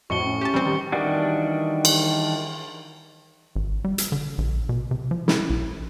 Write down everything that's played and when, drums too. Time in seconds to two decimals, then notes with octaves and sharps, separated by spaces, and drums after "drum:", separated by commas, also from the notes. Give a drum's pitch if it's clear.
0.10 F2 A2 F#4 C#6 C#7 G7
0.24 C#4
0.41 G4 A5
0.54 E3 G3 C4
0.65 D#3 G4
0.92 D#3 E3 G3 D4 F#4
1.85 drum: cymbal
3.55 G#1
3.84 G3
3.98 drum: hi-hat
4.12 D3
4.38 A#1
4.69 B2
4.91 C3
5.11 F3
5.28 E4, drum: snare
5.50 B1